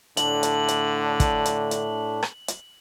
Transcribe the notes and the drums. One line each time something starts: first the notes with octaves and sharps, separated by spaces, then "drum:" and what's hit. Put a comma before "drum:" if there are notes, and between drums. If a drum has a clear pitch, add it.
A2 D3 A3 D4 F#7, drum: hi-hat
drum: hi-hat
drum: hi-hat
drum: kick, hi-hat
drum: hi-hat
drum: hi-hat
drum: rim click
drum: hi-hat